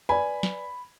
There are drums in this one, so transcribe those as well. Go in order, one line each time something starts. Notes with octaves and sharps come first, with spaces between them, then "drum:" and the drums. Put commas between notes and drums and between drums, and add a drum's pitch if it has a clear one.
B4 D5 G#5 B5
drum: snare